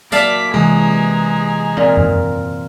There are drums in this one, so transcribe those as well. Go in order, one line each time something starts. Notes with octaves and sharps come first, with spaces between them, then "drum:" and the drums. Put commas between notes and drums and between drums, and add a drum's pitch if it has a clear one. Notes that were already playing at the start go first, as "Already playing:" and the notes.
F#3 A#3 D5 E5 F5 A5 D6 B6, drum: tambourine
C3 E3 G#3 G#4 A#5
A#2 C4 A#4
drum: tom F#2